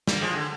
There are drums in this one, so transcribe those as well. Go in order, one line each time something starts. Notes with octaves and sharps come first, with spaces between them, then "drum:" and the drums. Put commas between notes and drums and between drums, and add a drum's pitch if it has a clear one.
G3 A#3, drum: snare
F3 G#3
D3